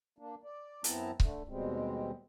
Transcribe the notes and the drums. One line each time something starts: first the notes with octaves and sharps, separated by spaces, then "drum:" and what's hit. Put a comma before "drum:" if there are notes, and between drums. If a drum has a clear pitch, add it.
A#3 D4
D5
F#2 B3 C4 E4 A5 A#5, drum: hi-hat
D3 A3, drum: kick C#1
D#2 B2 G3 G#3 C4